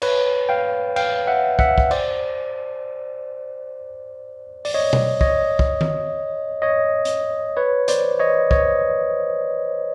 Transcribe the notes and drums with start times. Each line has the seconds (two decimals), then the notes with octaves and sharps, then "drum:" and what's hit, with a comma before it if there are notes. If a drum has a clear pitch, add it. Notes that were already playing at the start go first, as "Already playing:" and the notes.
0.02 B4 C#5, drum: cymbal
0.49 F5 G5
0.96 F5 G5, drum: cymbal
1.27 E5 F#5
1.59 E5 F#5, drum: kick
1.78 drum: kick
1.91 C5 D5, drum: cymbal
4.65 D5, drum: open hi-hat
4.74 C#5 D#5
4.93 drum: tom B2
5.21 C#5 D#5, drum: kick
5.59 drum: kick
5.81 drum: tom D#3
6.62 C#5 D#5
7.05 drum: hi-hat
7.57 B4 C#5
7.88 C5 D5, drum: hi-hat
8.19 C#5 D#5
8.51 C#5 D#5, drum: kick